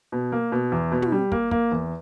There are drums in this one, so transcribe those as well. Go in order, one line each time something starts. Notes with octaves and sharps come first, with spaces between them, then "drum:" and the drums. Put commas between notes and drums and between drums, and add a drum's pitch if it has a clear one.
B2
A#3
B2
E2
B2
drum: tom
G3
A#3, drum: kick
A#3, drum: kick
E2